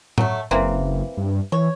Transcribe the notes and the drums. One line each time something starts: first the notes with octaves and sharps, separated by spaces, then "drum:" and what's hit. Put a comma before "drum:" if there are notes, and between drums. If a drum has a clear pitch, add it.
F#3 A3, drum: tom A2
F#1 E3 A#3 C4
G2
E3 C#5